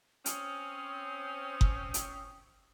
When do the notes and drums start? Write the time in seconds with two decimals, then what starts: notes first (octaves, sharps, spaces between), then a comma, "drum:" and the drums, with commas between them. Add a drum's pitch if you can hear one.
0.26 C4 C#4 D#6, drum: hi-hat
1.61 drum: kick F#1
1.94 drum: hi-hat